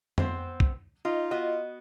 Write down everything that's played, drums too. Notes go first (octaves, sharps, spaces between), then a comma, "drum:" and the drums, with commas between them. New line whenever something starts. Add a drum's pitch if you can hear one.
B3 C4 C5, drum: tom F2
drum: kick B1
D#4 F4
B3 F#4 D#5